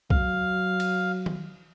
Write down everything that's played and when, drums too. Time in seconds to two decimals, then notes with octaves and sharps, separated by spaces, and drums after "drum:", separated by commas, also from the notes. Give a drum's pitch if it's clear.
0.10 F#3 F5, drum: kick B1
0.80 drum: cymbal
1.26 drum: tom D#3